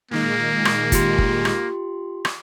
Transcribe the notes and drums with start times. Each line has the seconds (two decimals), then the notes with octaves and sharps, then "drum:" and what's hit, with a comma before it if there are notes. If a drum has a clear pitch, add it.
0.11 A#2 D#3 G#3 A#3
0.65 drum: rim click
0.92 F4 G4 C6, drum: kick, hi-hat
1.18 drum: kick
1.45 drum: rim click
2.25 drum: rim click